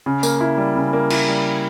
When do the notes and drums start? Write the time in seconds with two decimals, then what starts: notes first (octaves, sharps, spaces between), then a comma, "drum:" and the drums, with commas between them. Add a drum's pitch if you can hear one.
0.06 C#3
0.23 A#3, drum: tambourine
0.41 E4
0.58 G3
0.75 C#3
0.93 A#3
1.10 E4, drum: cymbal
1.28 G3